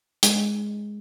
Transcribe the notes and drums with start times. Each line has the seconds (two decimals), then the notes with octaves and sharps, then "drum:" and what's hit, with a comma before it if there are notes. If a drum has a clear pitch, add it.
0.23 G#3, drum: hi-hat